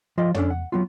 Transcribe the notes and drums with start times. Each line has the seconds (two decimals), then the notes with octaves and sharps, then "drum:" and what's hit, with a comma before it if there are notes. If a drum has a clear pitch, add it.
0.18 F3 F4 D5 D#5
0.34 C#4 D4 F#4 A4 C#5 D5, drum: tom
0.50 F#5
0.72 F#3 B3 F4